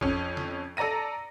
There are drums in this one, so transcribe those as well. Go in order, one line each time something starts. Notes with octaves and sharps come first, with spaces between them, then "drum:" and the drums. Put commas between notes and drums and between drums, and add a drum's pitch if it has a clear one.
F2 C#4, drum: kick
drum: snare
A4 D5 A#5 A#6 D#7